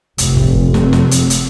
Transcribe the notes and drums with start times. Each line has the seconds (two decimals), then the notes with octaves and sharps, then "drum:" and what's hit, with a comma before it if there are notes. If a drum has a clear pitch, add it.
0.18 F1, drum: hi-hat
0.37 drum: kick
0.74 drum: snare
0.93 drum: snare
1.11 drum: hi-hat
1.30 drum: hi-hat